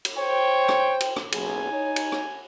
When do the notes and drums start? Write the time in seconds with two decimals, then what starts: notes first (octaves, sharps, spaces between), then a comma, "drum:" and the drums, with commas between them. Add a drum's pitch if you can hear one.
0.05 drum: cymbal
0.18 C5 C#5 G5
0.69 drum: rim click
1.00 drum: cymbal
1.16 drum: rim click
1.32 F#1 B1 G#4 G#5, drum: cymbal
1.71 D#4 C#5
1.96 drum: cymbal
2.12 drum: rim click